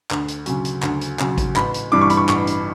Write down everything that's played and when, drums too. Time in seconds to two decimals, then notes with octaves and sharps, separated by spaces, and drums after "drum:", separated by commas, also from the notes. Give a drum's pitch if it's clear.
0.11 D2, drum: clap
0.28 drum: hi-hat
0.46 C#3 F#3, drum: hi-hat
0.65 drum: hi-hat
0.83 D2, drum: clap
1.01 drum: hi-hat
1.19 C#3 F#3, drum: clap
1.38 drum: kick G#1, hi-hat
1.56 A1 B5, drum: clap
1.74 drum: hi-hat
1.92 G2 E3 G3 D6
2.01 C#6
2.10 B5, drum: hi-hat
2.17 C#6
2.29 A1 C#6, drum: clap
2.47 drum: hi-hat